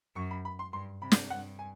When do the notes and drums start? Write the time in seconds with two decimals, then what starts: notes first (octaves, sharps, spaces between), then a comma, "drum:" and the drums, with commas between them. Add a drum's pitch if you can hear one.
0.16 F#2 C#6
0.31 B5
0.45 B5
0.59 C6
0.73 G2 C6
1.02 C3 B5
1.12 drum: snare
1.30 G2 F#5
1.59 G#5